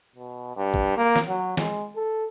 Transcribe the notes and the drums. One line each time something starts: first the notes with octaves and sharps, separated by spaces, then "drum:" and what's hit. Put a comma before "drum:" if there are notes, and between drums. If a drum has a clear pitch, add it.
B2
G2
drum: kick
A#3
drum: snare
F#3
G#3, drum: snare
A4